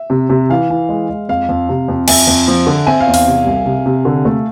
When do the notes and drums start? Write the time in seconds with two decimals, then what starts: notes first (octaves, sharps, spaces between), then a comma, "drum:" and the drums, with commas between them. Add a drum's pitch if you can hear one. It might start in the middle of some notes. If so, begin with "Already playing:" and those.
Already playing: E5
0.10 C3
0.30 C3
0.50 E3 F5
0.70 E3
0.89 G#3
1.10 G#3
1.28 F2 F5
1.49 F2
1.69 C3
1.88 F2
2.08 F2 E5 G#5, drum: cymbal
2.27 F2
2.48 F3
2.67 D3
2.86 C4 E5 G#5
3.00 F5
3.07 E2
3.14 F5, drum: open hi-hat
3.27 C3
3.46 C2
3.66 C3
3.86 C3
4.05 D3
4.25 A3